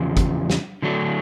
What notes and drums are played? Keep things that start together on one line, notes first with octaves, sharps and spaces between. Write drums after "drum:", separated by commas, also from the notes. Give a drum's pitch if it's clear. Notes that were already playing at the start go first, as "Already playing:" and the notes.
Already playing: E2 C#3 F3
drum: kick, hi-hat
drum: snare
D3 F#3 A3 D4 F#4